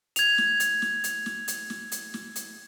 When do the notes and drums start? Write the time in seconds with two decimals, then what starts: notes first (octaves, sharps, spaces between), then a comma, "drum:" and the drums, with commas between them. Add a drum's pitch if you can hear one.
0.16 G#6 F7, drum: hi-hat
0.38 drum: snare
0.60 drum: hi-hat
0.82 drum: snare
1.04 drum: hi-hat
1.26 drum: snare
1.48 drum: hi-hat
1.70 drum: snare
1.92 drum: hi-hat
2.14 drum: snare
2.36 drum: hi-hat